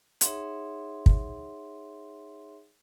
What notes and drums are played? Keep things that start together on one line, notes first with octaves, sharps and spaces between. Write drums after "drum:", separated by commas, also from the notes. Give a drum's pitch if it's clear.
D#4 G#4 C#5 E5 F#5 C6, drum: hi-hat
drum: kick